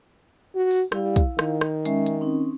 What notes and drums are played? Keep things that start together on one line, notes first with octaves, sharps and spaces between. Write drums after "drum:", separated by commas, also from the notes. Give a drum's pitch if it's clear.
F#4
drum: open hi-hat
G3 E4 F5, drum: rim click
drum: kick, hi-hat
D#3, drum: rim click
drum: rim click
G#3 C#4 E5, drum: hi-hat
drum: hi-hat
C4 C#4 D#4